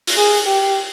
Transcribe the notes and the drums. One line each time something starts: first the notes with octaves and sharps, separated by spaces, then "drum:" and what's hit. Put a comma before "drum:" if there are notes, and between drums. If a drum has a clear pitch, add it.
drum: open hi-hat
G#4
G4